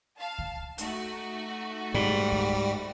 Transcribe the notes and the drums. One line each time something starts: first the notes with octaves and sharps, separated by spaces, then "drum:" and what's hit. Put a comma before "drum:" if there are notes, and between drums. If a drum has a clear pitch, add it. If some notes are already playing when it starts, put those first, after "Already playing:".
F5 A5
drum: kick C#2
A3 D#4 F#4, drum: hi-hat
G#2 G3
drum: kick C#2